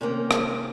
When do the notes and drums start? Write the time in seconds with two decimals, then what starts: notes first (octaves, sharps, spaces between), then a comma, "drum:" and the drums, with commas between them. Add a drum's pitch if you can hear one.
0.01 C3 D#3 A#3 C#4
0.31 drum: rim click